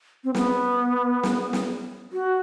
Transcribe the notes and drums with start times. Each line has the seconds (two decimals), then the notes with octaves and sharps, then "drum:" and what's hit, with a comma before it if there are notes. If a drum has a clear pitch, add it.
0.24 C4
0.35 B3, drum: snare
1.23 drum: snare
1.53 drum: snare
2.13 F#4